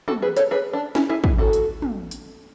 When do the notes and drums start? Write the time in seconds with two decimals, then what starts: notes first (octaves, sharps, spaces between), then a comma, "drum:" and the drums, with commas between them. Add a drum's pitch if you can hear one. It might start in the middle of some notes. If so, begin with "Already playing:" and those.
0.08 F#4 A4, drum: tom
0.22 G#4 B4
0.37 A4 C#5, drum: hi-hat
0.51 G#4 B4
0.73 D4
0.95 C#4 E4, drum: snare
1.09 E4 G#4
1.24 E4 G#4, drum: kick
1.38 F#4 A4
1.53 drum: hi-hat
1.82 drum: tom
2.11 drum: hi-hat